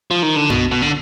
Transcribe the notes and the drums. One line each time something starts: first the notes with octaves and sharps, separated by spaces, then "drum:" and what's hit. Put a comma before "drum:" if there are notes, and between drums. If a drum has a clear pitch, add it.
F3
D#3
D3
B2, drum: tom F#2
B2
D3